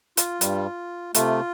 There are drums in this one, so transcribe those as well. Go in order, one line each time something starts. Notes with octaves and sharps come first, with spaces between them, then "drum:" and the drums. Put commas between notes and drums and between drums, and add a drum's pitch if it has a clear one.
F4, drum: hi-hat
G2 G3, drum: hi-hat
C3 A3 F4, drum: hi-hat